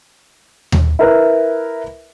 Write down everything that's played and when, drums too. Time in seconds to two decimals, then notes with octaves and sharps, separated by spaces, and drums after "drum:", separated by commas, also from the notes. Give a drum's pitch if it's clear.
0.72 drum: tom D#2
0.99 E4 A#4 B4 E5